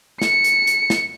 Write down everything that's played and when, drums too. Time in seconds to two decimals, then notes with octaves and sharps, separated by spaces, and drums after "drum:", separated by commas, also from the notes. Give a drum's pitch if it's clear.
0.22 C#7, drum: snare
0.44 drum: hi-hat
0.67 drum: hi-hat
0.90 drum: snare